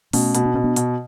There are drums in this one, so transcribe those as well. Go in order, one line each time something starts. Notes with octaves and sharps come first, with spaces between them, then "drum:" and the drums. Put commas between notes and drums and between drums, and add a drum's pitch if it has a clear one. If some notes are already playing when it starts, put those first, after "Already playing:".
B2 A3 C#4, drum: open hi-hat
B2, drum: hi-hat
D4
B2 C#4
B3 D4
B2, drum: hi-hat